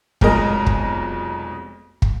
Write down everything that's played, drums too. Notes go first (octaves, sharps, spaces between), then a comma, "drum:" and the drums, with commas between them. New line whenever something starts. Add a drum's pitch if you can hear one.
F1 B1 F2 G#3 A#4 D#5, drum: kick
drum: kick
drum: kick